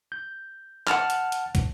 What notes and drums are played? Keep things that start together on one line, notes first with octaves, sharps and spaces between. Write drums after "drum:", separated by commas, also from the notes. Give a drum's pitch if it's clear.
G6
F#5 A5 F6, drum: clap
drum: hi-hat
drum: hi-hat
drum: kick, hi-hat